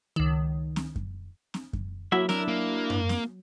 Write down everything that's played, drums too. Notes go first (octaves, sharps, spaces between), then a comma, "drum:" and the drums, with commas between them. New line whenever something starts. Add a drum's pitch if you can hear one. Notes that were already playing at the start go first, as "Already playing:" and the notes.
C#2 D#3
drum: snare C4
drum: kick F#2
drum: snare C4
drum: kick F#2
F#3 A#3 E4 E5
D4 E4 A#4 E5, drum: snare C4
A#3
drum: tom F#2
drum: snare C4